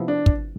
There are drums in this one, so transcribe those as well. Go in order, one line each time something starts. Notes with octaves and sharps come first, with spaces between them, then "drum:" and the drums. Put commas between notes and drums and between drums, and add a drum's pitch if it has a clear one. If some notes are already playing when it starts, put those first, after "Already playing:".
Already playing: C3 F3 B3 E4
D4
drum: kick